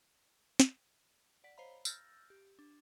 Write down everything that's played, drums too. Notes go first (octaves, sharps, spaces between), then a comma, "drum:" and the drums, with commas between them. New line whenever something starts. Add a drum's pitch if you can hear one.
drum: snare
D5 F#5 B6
C5 C#5 D#5 F5 A#5 B5
E6 F6 G6 A6 A#6, drum: tambourine
G4
D4